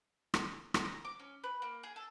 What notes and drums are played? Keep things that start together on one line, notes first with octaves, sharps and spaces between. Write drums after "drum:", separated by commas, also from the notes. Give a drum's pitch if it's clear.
drum: rim click
drum: rim click
A#5
D6
C#4
B4
A#3
G#4
A4